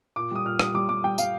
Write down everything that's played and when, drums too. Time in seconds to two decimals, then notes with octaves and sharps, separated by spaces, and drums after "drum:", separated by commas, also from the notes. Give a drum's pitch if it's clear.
0.16 A#2 D6
0.31 G3 D#6
0.45 A#2 F6
0.59 G3 D#6, drum: rim click
0.74 G3 D6
0.89 G3 D6
1.04 G3 G5
1.18 G3 F5, drum: tambourine